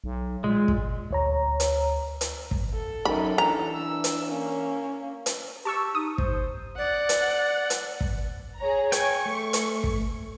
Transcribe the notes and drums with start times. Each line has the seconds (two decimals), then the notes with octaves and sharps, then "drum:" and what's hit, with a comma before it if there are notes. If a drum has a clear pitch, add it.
0.04 B1
0.44 A#2 G#3
0.68 drum: kick
1.11 D2 C#5 A#5
1.60 drum: hi-hat
2.21 drum: hi-hat
2.51 drum: kick
2.74 A4
3.05 F#2 D#3 B5
3.38 E3 D4 A#5
3.77 E6
4.04 drum: hi-hat
4.27 A#3 C#4
5.26 drum: hi-hat
5.65 G4 A5 C#6 E6
5.95 D#4 D#6
6.18 C5, drum: kick
6.78 D5 F#5
7.09 drum: hi-hat
7.70 drum: hi-hat
8.01 drum: kick
8.59 G#4 C#5 A#5
8.92 G5 G#5 C#6, drum: hi-hat
9.26 A3
9.53 drum: hi-hat
9.84 drum: kick